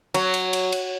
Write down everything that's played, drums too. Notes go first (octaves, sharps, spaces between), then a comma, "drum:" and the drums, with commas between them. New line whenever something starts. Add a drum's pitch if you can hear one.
F#3, drum: cymbal
drum: cymbal
drum: cymbal
drum: cymbal